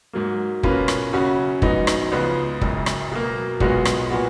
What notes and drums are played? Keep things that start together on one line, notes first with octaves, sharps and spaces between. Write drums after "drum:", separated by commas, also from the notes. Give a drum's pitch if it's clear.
G#2 F#3 A#3
B2 A#3 C#4 F4 B4, drum: kick
drum: rim click
F#2 C#3 F#3 C#4 F#4
A#1 G#2 F#3 B3 D#4, drum: kick
drum: rim click
C#2 C#3 F3 G#3 B3
F#1 F#2 C#3 G#3, drum: kick
drum: rim click
B2 F#3 A#3
B1 A#2 G#3 B3 F#4, drum: kick
drum: rim click
A#2 F#3 B3 F#4